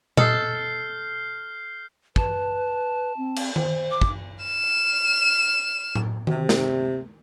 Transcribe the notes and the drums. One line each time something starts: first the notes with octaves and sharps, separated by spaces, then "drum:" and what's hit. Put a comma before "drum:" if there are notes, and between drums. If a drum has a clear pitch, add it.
A4 D#5 F6 G6 C7, drum: tom A#2
B4 A5, drum: kick
C4
drum: cymbal
C5, drum: tom D#3
D6
drum: kick
F6 E7
drum: tom A2
C3, drum: tom D#3
drum: snare